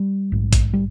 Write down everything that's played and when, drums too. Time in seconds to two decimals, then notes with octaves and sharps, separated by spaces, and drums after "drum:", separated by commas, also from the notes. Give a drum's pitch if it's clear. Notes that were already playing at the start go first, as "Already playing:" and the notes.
Already playing: G3
0.32 A#1 G#2
0.53 drum: kick A1, hi-hat
0.73 G3